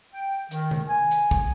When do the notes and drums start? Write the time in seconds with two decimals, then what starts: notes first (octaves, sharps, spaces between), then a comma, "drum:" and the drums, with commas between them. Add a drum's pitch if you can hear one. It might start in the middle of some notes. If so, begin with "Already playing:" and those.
0.14 G5
0.51 D#3, drum: hi-hat
0.71 drum: tom C3
0.88 G#5
1.11 drum: hi-hat
1.31 drum: kick